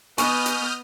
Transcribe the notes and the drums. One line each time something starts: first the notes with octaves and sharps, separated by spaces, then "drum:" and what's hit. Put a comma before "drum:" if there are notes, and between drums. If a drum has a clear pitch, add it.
B3 B4 D#5 G#5 C#6 D#6 F6 G6, drum: hi-hat
drum: hi-hat